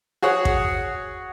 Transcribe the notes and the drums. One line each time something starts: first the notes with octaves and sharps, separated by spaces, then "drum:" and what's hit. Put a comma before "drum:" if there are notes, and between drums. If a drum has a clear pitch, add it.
F#4 G#4 C#5 F#5
drum: kick